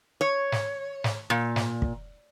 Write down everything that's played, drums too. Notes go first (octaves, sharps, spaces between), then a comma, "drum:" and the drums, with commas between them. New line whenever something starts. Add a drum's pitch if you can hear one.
C#5
drum: snare
drum: snare
A#2
drum: snare
drum: kick